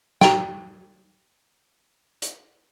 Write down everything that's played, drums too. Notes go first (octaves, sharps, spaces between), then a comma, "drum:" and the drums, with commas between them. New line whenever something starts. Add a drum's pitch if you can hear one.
G5 A#5, drum: snare
drum: hi-hat